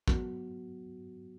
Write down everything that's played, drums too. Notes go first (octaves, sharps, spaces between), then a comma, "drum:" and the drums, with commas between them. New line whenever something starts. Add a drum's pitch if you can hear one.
F#3 B3 F#4, drum: kick